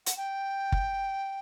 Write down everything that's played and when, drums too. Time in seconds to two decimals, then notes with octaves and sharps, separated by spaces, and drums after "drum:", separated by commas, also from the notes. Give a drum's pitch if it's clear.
0.06 F#5, drum: hi-hat
0.17 G5
0.72 drum: kick